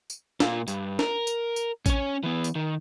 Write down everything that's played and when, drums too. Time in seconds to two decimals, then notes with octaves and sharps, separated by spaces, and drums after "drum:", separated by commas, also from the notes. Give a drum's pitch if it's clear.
0.10 drum: tambourine
0.40 A#2 F4, drum: snare
0.68 G2, drum: tambourine
0.99 A#4, drum: snare
1.27 drum: tambourine
1.56 drum: tambourine
1.86 C#4 C#5, drum: kick A1, tambourine
2.23 E3 B3
2.44 drum: tambourine
2.55 D#3